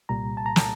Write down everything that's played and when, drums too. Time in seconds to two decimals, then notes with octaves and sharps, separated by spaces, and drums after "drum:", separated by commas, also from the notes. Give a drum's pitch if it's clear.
0.09 C2 A#2 G3 A#5
0.37 A5
0.46 A#5
0.56 A5, drum: snare